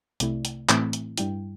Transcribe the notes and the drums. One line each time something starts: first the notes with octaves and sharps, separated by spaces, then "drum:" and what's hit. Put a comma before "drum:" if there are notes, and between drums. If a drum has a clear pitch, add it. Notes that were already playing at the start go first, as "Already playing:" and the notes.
C2 C3 A3 E4 D5, drum: hi-hat
drum: hi-hat
A2 E3 A3 C4 E4, drum: clap
drum: hi-hat
G2 G3 E4 G5, drum: hi-hat